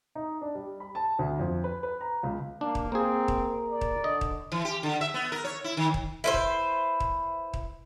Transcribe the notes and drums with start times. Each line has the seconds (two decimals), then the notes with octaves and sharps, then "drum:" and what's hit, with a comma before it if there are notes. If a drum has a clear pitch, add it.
0.15 D#4
0.42 D4
0.55 G3
0.80 B5
0.95 A5
1.19 D2
1.39 F2
1.64 B4
1.83 B4
2.01 A#5
2.23 C#2
2.61 A#3 D4
2.75 drum: kick D#1
2.92 A#3 C4 G#4 A#4
3.28 drum: kick D#1
3.70 D5
3.81 drum: kick D#1
4.04 D3 D#5
4.21 drum: kick D#1
4.52 E3
4.65 G4
4.83 D3
5.01 E5
5.14 B3
5.32 A#4
5.44 C#5
5.64 E4
5.77 D#3
5.94 drum: kick D#1
6.24 E4 B4 C5
6.34 drum: kick D#1
7.00 drum: kick D#1
7.54 drum: kick D#1